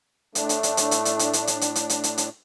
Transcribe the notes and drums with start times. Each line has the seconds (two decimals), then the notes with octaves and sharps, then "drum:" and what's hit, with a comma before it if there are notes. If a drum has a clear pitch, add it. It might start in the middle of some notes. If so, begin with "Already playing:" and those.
0.35 A2 A3 D4, drum: hi-hat
0.49 drum: hi-hat
0.63 drum: hi-hat
0.77 drum: hi-hat
0.91 drum: hi-hat
1.05 drum: hi-hat
1.19 drum: hi-hat
1.33 drum: hi-hat
1.47 drum: hi-hat
1.61 drum: hi-hat
1.75 drum: hi-hat
1.89 drum: hi-hat
2.03 drum: hi-hat
2.18 drum: hi-hat